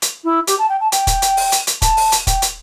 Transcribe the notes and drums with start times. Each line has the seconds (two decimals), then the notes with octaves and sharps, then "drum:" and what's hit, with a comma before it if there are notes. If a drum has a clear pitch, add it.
0.02 drum: hi-hat
0.24 E4
0.47 G4, drum: hi-hat
0.59 A5
0.69 G5
0.81 A5
0.92 G5, drum: hi-hat
1.07 drum: kick, hi-hat
1.22 drum: hi-hat
1.37 drum: open hi-hat
1.52 drum: hi-hat
1.67 drum: hi-hat
1.82 A5, drum: kick, hi-hat
1.97 drum: open hi-hat
2.12 drum: hi-hat
2.27 G5, drum: kick, hi-hat
2.42 drum: hi-hat